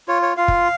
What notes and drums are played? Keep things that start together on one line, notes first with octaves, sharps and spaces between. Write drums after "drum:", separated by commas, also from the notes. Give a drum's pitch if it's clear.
F4 C#5
C#5
F4 F5
drum: kick